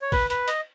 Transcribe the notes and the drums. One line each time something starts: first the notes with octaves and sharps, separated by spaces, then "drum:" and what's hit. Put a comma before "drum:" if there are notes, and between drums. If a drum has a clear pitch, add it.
C#5
B4, drum: kick, open hi-hat
B4, drum: hi-hat
D#5, drum: hi-hat